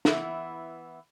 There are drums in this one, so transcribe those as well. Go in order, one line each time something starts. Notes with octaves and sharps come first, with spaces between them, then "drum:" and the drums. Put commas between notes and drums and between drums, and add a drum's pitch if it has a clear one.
E3 B3 E4, drum: snare